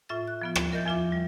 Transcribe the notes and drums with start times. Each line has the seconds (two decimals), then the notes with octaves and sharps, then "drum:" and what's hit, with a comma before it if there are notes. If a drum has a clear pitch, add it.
0.09 A2 F4 E5 A6
0.27 F#6
0.42 F3 B3 F4
0.55 drum: rim click
0.73 A#4 D#5 E5 G6 A6
0.85 E2 F3 F4 E5 D6
1.12 G3